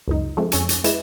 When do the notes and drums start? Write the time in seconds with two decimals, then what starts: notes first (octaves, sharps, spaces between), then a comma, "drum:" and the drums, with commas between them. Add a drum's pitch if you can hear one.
0.08 C#2 F#2 D#4
0.37 F3 G#3 A3 C4
0.52 F2 C#4 G#5 C#6 E6, drum: hi-hat
0.69 drum: hi-hat
0.84 G#3 E4 B4 G#6 E7, drum: hi-hat